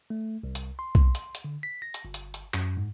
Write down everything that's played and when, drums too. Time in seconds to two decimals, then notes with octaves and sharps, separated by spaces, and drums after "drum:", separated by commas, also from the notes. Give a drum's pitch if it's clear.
0.10 A3
0.43 C2
0.55 drum: hi-hat
0.79 C6
0.95 drum: kick B1
1.15 drum: hi-hat
1.35 drum: hi-hat
1.44 D3
1.63 B6
1.82 A#6
1.94 drum: hi-hat
2.05 G1
2.14 drum: hi-hat
2.34 drum: hi-hat
2.54 F#2, drum: clap
2.77 G#2